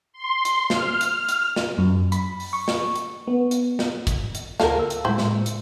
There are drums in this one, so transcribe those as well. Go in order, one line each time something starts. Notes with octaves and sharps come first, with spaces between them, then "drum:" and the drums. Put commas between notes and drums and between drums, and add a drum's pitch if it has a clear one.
C6
drum: hi-hat
F6, drum: snare
drum: hi-hat
drum: hi-hat
drum: snare
F#2
B5, drum: hi-hat
drum: open hi-hat
C#6
drum: snare
drum: hi-hat
B3
drum: hi-hat
drum: snare
drum: kick, hi-hat
drum: hi-hat
D2 A4 A#4 F5 A5, drum: snare
E6
drum: hi-hat
A2 G#3 E4 C5
drum: snare
drum: hi-hat